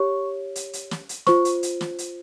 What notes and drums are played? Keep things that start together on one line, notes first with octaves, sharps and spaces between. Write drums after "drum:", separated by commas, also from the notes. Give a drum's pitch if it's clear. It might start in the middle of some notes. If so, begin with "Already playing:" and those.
Already playing: G4 C#5 C#6
drum: hi-hat
drum: hi-hat
drum: snare
drum: hi-hat
F4 C5 C#6, drum: snare
drum: hi-hat
drum: hi-hat
drum: snare
drum: hi-hat